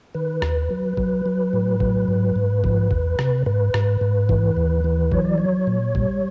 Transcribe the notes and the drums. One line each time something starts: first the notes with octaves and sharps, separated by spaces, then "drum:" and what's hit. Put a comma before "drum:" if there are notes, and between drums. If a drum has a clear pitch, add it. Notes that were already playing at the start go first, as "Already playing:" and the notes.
D#3 B4
D#2, drum: rim click
F#3
F#3, drum: kick
F#3
A2
F#3, drum: kick
G#2
G#2
F3, drum: kick
E2, drum: kick
C3, drum: rim click
G#2 B4
G#2, drum: rim click
G#2
E3, drum: kick
D#2
E3
F#3 C#5, drum: kick
D5
F#3 C#5
A#2
G3, drum: kick